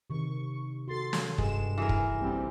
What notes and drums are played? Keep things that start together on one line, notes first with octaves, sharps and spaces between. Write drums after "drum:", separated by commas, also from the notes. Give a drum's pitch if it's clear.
C3 D#3 C#6
F#4 A4 C6 A6 C7
drum: snare
G2 G#3 E7, drum: kick
E3 G#4 A#4
drum: kick
A#1 G3 C4 E4